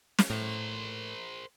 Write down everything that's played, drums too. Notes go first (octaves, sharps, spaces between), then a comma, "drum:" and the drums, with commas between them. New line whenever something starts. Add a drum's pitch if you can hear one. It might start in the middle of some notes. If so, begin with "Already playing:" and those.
drum: snare
A2 A#4 C5